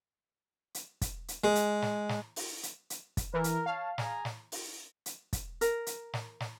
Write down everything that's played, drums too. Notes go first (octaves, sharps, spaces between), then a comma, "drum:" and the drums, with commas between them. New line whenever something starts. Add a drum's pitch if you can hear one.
drum: hi-hat
drum: kick, hi-hat
drum: hi-hat
G#3
drum: hi-hat
drum: snare
drum: snare
drum: open hi-hat
drum: hi-hat
drum: hi-hat
drum: kick, hi-hat
E3 A#4
drum: hi-hat
C#5 F5 A5
G#4 G#5 A#5, drum: snare
drum: snare
drum: open hi-hat
drum: hi-hat
drum: kick, hi-hat
A#4, drum: hi-hat
drum: hi-hat
drum: snare
drum: snare